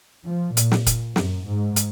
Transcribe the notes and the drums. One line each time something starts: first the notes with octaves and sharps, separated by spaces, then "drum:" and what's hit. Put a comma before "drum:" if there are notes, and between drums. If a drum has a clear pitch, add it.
F3
A#2, drum: hi-hat
drum: snare
drum: kick, hi-hat
F#2, drum: snare
G#2
drum: hi-hat